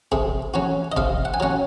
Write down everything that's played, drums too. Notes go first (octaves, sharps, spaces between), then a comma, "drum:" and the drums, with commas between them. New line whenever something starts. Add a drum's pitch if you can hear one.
C3 G#4, drum: kick F1
F#3 C#4 F#4
D#5
C3 F5, drum: kick F1
F#5
G#5
F#3 C#4 F#5